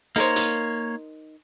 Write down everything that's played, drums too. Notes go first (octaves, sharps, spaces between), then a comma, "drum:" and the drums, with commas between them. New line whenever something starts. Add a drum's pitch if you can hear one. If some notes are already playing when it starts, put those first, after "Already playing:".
A#3 D#4 A#4 C5 C#5, drum: hi-hat
drum: hi-hat